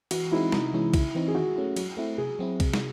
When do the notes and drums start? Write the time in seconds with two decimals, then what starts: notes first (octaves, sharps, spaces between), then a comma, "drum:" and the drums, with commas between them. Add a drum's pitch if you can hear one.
0.11 E3 F#4, drum: cymbal
0.32 G#3 C4 D#4 E4
0.52 C3 D#4, drum: snare
0.73 E3 G#3 C#4 E4
0.94 C#3 E4, drum: kick, cymbal
1.15 E3 C4 D#4
1.28 G#4
1.35 D#3 F#4
1.56 A3 C#4 E4
1.76 F#3, drum: cymbal
1.97 A3 C4 E4
2.18 C3 G#4
2.39 F#3 C4 E4
2.60 C3, drum: kick, cymbal
2.73 drum: snare